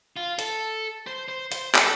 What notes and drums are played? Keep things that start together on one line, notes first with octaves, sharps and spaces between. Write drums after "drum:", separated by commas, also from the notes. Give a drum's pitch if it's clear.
F4
A4, drum: hi-hat
C5
C5
C5, drum: hi-hat
A4, drum: clap